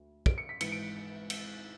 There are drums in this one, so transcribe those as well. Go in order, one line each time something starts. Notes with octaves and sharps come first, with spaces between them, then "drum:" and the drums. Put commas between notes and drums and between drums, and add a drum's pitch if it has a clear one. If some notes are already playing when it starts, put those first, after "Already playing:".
Already playing: D2
D7, drum: kick
C#7
B6
G#1 G#2 E3 C#7, drum: cymbal
D7
drum: cymbal